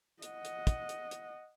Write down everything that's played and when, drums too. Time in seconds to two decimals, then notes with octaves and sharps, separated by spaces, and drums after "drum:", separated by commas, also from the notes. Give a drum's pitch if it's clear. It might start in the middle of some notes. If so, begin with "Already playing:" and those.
0.22 D#5 F#5, drum: hi-hat
0.45 drum: hi-hat
0.67 drum: kick, hi-hat
0.89 drum: hi-hat
1.11 drum: hi-hat